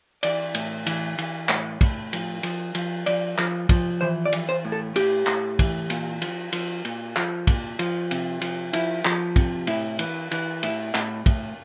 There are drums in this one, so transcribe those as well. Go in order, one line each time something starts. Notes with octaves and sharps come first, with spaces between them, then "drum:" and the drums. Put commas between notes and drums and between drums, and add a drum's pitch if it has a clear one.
E3 D5, drum: cymbal
A2, drum: cymbal
E3, drum: cymbal
E3, drum: cymbal
A2, drum: clap
A2, drum: kick, cymbal
F3, drum: cymbal
F3, drum: cymbal
F3, drum: cymbal
F3 D5, drum: cymbal
F3, drum: clap
F3, drum: kick, cymbal
E3 C5
D5
E3, drum: cymbal
C5
A2
A4
A2 G4, drum: cymbal
A2, drum: clap
E3, drum: kick, cymbal
A#2, drum: cymbal
F3, drum: cymbal
F3, drum: cymbal
A#2, drum: cymbal
F3, drum: clap
A#2, drum: kick, cymbal
F3, drum: cymbal
C3, drum: cymbal
F3, drum: cymbal
F3 E4, drum: cymbal
F3, drum: clap
C3, drum: kick, cymbal
A2 E4, drum: cymbal
E3, drum: cymbal
E3, drum: cymbal
A2 E4, drum: cymbal
A2, drum: clap
A2, drum: kick, cymbal